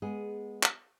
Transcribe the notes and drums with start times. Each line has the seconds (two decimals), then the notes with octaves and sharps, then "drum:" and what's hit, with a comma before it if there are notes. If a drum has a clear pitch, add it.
0.02 G#3 B3 G#4
0.63 drum: clap